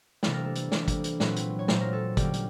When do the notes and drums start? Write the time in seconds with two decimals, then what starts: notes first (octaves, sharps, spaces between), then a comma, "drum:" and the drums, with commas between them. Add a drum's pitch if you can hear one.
0.23 C3 E3 G3 A#3 D4 A4, drum: snare
0.34 A#4
0.45 A4
0.55 drum: hi-hat
0.72 C3 E3 G3 A#3 D4, drum: snare
0.88 drum: kick, hi-hat
1.04 drum: hi-hat
1.20 A#2 F#3 A3 C4 B4, drum: snare
1.36 drum: hi-hat
1.59 C#5
1.68 A#2 F#3 A3 C4 C5, drum: snare
1.81 A#4
1.93 A4
2.17 D3 G3 A#3 C#4 G4, drum: kick, hi-hat
2.33 drum: hi-hat